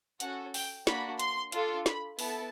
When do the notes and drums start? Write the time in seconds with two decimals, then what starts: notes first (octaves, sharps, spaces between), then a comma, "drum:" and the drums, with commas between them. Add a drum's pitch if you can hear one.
0.20 C#4 F#4 A4 F#5, drum: hi-hat
0.54 G5, drum: open hi-hat
0.87 A#3 D4 F#4 B5, drum: snare
1.19 C6, drum: hi-hat
1.52 D4 F4 A4, drum: hi-hat
1.86 B5, drum: snare
2.19 B3 E4 A4 A5, drum: open hi-hat